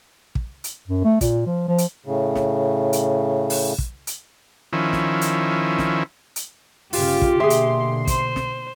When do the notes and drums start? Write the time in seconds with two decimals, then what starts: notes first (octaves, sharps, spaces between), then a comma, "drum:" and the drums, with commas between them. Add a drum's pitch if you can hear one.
0.35 drum: kick
0.64 drum: hi-hat
0.87 F#2
1.04 A3
1.21 A#2, drum: kick, hi-hat
1.46 F3
1.68 F3
1.78 drum: hi-hat
2.06 A2 C#3
2.35 drum: snare
2.93 drum: hi-hat
3.50 drum: open hi-hat
3.78 drum: kick
4.07 drum: hi-hat
4.73 D#3 F3 C#4 E4
4.93 drum: snare
5.21 drum: hi-hat
5.79 drum: snare
6.36 drum: hi-hat
6.93 G1 C#3 F4 G4, drum: open hi-hat
7.22 drum: kick
7.40 B2 D3 A#3 G#4 E5 C6
7.50 drum: hi-hat
8.07 C5, drum: kick, hi-hat
8.36 drum: snare